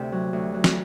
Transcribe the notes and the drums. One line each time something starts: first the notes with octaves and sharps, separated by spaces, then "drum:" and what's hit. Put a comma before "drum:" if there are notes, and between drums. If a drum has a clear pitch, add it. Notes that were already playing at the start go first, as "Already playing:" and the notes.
Already playing: D2 C3 G5
F#3
D2
F#3
drum: snare